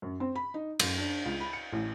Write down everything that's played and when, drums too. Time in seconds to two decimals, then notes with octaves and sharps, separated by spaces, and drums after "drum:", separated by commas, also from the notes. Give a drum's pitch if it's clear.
0.02 F#2
0.20 C4
0.35 B5
0.54 D#4
0.80 F#2, drum: cymbal
0.98 D4
1.25 C#2
1.40 B5
1.53 C#7
1.73 A1